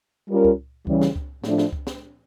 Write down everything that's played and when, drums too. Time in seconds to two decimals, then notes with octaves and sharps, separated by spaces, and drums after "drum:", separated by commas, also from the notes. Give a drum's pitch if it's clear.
0.30 G3 C#4 F4 A#4
0.45 drum: kick C#2
0.87 C#3 E3 G3, drum: kick C#2
1.01 drum: snare
1.16 drum: kick C#2
1.44 A2 F3 A3 D4, drum: snare
1.58 drum: snare
1.72 drum: kick C#2
1.87 drum: snare